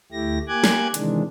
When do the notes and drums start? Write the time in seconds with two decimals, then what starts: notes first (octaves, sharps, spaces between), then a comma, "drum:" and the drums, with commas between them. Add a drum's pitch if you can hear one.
0.12 D2 A3 E4 G4 A#6
0.48 A#3 G4 G#5 D6 F#6 G#6
0.64 drum: snare
0.94 C3 D#3 E3 G#3 D4, drum: hi-hat